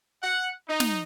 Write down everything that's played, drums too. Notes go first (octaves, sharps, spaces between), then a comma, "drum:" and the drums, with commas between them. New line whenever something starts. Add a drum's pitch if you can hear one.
F#5
D#4
drum: snare